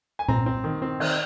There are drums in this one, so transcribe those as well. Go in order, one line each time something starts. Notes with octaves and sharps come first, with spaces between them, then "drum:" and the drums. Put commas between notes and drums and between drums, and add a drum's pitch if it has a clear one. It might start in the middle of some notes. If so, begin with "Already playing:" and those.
G#5
C4 A#5, drum: tom A#2
C4
D#3
C4
D#3, drum: cymbal